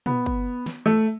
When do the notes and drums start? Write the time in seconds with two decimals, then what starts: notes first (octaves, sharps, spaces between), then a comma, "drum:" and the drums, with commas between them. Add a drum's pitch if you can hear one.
0.06 B3, drum: tom
0.26 drum: kick
0.66 drum: snare
0.86 A3